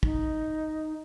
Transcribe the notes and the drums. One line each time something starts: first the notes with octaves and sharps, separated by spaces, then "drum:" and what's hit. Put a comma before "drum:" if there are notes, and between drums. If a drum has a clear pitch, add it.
D#4, drum: kick